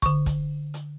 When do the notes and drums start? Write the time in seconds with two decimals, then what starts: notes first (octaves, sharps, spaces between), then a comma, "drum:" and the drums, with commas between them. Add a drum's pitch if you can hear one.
0.02 D3 C#6, drum: kick, hi-hat
0.26 drum: kick, hi-hat
0.74 drum: hi-hat